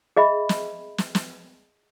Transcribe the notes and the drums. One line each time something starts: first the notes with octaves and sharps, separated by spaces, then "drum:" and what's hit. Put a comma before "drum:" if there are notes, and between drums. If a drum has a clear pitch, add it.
G#4 D#5 E5 B5
drum: snare
drum: snare
drum: snare